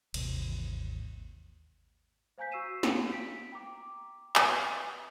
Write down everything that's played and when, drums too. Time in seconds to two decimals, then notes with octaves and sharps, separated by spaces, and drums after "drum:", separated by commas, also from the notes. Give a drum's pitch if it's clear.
0.14 G#1 D#2 C3 E3, drum: cymbal
2.38 C5 F5 G#5 A#5 G6 B6
2.52 F#4 C#6 E6 C7 D#7 E7
2.83 drum: snare
3.12 B6 D7
3.52 G5 A#5 D6
4.36 B4 E5 F5 G5, drum: clap